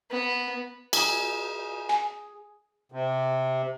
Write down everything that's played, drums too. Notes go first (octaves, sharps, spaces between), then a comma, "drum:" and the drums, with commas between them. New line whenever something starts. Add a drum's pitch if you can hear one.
B3
G#4, drum: cymbal
G#5
C3